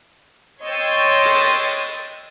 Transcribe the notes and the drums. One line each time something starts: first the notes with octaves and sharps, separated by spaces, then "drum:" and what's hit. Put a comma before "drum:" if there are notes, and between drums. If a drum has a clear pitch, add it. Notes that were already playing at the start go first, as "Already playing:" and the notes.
C#5 D#5 G5 C6 E6 A6
drum: open hi-hat